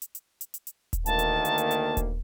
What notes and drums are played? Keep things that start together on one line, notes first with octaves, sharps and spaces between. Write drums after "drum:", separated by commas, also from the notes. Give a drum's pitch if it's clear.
drum: hi-hat
drum: hi-hat
drum: hi-hat
drum: hi-hat
drum: hi-hat
drum: kick D#1, hi-hat
D2 D#3 A#3 A5, drum: hi-hat
drum: hi-hat
drum: hi-hat
drum: hi-hat
drum: hi-hat
drum: kick D#1, hi-hat